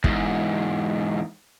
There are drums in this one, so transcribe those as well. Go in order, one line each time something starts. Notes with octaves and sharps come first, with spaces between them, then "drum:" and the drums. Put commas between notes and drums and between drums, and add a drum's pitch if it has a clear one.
E2 G#2, drum: kick